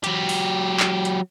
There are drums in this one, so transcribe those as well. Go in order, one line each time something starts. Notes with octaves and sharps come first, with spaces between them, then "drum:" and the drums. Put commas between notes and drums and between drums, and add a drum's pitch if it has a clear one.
F#3 G4, drum: hi-hat
drum: open hi-hat
drum: clap
drum: hi-hat